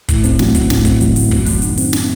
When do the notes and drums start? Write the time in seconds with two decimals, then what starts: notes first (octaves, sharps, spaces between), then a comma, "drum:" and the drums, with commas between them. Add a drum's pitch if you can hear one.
0.08 A2, drum: kick, hi-hat
0.24 C4, drum: hi-hat
0.39 F#3, drum: snare
0.55 A2, drum: kick, hi-hat
0.70 A2, drum: snare
0.85 C4, drum: kick, hi-hat
1.01 F#3, drum: hi-hat
1.16 A2, drum: open hi-hat
1.31 F#2, drum: kick
1.46 F#3, drum: open hi-hat
1.62 D#3, drum: hi-hat
1.78 C4, drum: open hi-hat
1.93 drum: snare